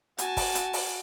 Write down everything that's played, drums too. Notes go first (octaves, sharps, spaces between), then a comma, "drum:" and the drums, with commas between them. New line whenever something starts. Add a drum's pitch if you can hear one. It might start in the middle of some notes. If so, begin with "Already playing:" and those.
F#4 G#5 A5, drum: hi-hat
drum: kick, open hi-hat
drum: hi-hat
drum: open hi-hat